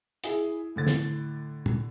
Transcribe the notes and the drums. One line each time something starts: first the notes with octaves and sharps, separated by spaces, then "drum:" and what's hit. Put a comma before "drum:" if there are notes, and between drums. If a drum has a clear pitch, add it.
E4 G#4, drum: hi-hat
A2 D3 A6
drum: snare
drum: tom